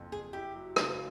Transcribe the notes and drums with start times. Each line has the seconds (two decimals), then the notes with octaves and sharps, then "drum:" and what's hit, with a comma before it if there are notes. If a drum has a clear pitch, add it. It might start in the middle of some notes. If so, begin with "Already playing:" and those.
Already playing: F#1 F2
0.11 F#1 G#4
0.33 E4 G4
0.55 F#3
0.76 C#3, drum: rim click